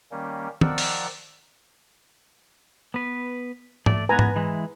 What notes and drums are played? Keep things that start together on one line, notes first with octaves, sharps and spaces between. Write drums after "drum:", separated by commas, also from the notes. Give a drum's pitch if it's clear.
D#3 G3 A#3 C#4
D#3 F3 A#4 D5 F#5 E6, drum: tom
drum: open hi-hat
B3 B4
A3 D5, drum: tom G#2
G#2 B3 B4 G#5 A#5
drum: tom G#2
E3 G#3 E4